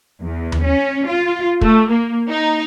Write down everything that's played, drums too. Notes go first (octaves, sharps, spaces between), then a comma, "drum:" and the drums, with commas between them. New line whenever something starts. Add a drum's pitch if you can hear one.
E2
drum: tom D#2
C#4
F4
A3, drum: kick
A#3
D#4